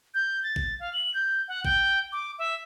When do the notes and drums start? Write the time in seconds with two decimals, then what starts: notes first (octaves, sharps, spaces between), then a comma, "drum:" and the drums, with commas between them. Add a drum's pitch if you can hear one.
0.14 G6
0.43 A6
0.56 drum: kick
0.80 F5
0.93 F#7
1.14 G6
1.48 F#5
1.65 G5, drum: kick
2.12 D6
2.39 E5